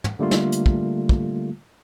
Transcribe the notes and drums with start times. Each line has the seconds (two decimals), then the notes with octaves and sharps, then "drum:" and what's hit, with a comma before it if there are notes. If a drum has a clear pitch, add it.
0.04 drum: tom
0.19 D3 G3 A3 A#3 F4
0.31 drum: snare
0.52 drum: hi-hat
0.66 drum: kick
1.09 drum: kick